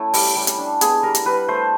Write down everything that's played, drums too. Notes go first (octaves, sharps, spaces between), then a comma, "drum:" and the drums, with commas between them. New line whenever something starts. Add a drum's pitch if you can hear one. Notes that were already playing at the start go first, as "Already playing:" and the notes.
Already playing: A3 C#4 E4
G3, drum: open hi-hat
G3
drum: hi-hat
D4
B3 G#4, drum: hi-hat
G3 A#4
drum: hi-hat
G3 B4
A3 C5